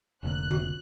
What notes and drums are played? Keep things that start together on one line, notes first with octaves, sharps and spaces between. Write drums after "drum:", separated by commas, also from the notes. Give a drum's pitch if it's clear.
F1 C2 F2 A2 D3 A#3 F#6
drum: tom D3